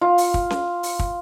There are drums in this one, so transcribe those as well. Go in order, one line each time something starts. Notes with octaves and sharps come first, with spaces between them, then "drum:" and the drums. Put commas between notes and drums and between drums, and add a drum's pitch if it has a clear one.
F4
drum: open hi-hat
drum: kick
drum: snare C#4
drum: open hi-hat
drum: kick